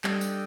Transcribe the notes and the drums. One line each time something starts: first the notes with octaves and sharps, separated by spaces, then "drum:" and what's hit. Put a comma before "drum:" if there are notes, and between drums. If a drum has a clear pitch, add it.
G3 D4 A4 D#5 G5, drum: clap
drum: tambourine